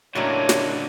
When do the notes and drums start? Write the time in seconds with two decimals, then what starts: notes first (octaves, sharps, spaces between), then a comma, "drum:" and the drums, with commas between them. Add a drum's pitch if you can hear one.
0.15 C#2 A2 D3 F#3 A#3 C#5
0.49 drum: snare